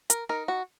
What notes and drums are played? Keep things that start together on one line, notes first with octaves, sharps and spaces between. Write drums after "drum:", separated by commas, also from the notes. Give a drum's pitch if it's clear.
A#4, drum: hi-hat
D#4 A#4
F#4